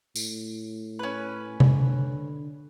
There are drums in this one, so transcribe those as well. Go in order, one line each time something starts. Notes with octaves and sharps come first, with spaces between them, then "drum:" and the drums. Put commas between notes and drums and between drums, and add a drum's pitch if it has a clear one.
A2, drum: tambourine
C#4 B4
D3, drum: tom C3